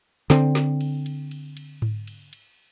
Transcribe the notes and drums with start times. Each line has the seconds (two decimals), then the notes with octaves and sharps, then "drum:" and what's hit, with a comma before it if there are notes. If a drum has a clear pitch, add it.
0.30 D3 C4, drum: snare
0.55 drum: snare
0.81 drum: cymbal
1.06 drum: cymbal
1.31 drum: cymbal
1.57 drum: cymbal
1.82 drum: tom G#2
2.07 drum: cymbal
2.33 drum: cymbal